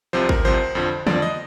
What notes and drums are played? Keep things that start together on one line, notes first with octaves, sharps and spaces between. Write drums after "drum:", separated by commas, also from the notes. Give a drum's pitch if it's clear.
C2 C3 F3 C5
A#4, drum: kick G#1
C2 C3 F3 C5
F2 D3 F3
F2 D3 F3 D5, drum: tom
D#5